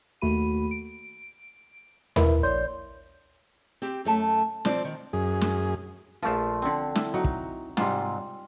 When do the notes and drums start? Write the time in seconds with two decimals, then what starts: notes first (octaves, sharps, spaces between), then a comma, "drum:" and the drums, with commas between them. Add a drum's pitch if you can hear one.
0.21 D#2 A3 F#4 B5 D#7
0.71 D7
2.16 E4 A#4 B4 E5 B5, drum: tom D#2
2.43 A#1 C#5 D5 C6 G6
3.82 C4 G4
4.05 F#2 A3 A5
4.65 F3 C4 D5, drum: snare
4.84 D#3
5.13 F#2 G#4
5.41 drum: snare
6.22 A#1 F3 A3 F4 A5
6.62 D3 C4
6.95 E4, drum: snare
7.14 F#3 D#4
7.24 drum: kick
7.77 G#2 C3 G3 F4, drum: snare